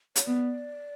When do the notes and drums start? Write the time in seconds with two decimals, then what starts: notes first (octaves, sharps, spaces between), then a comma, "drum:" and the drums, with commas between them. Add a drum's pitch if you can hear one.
0.16 C#5, drum: hi-hat
0.26 B3 D5